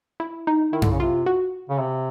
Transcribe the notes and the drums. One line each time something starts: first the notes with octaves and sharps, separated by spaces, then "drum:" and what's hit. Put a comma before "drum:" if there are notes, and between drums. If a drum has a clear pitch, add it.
E4
D#4
D#3 E4
D3, drum: tom F#2
C#3
C3 F4
F#4
C#3
C3